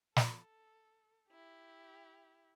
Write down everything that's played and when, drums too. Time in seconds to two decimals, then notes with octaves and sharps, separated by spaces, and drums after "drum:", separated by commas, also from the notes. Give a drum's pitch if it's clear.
0.16 A4, drum: snare
1.29 E4 G4